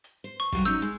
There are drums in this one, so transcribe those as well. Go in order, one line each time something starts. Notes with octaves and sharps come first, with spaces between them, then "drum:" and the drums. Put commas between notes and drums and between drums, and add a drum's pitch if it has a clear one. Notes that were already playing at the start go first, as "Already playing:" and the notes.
drum: hi-hat
C5
C#6
F2 F#3 G3, drum: kick
F#3 C#4 D#4 E6 G6
G#3, drum: hi-hat